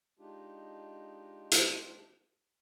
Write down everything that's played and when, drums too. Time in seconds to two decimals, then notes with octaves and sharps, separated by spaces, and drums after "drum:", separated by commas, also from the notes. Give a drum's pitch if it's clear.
0.19 G#3 D4 D#4 F4 G4
1.52 drum: hi-hat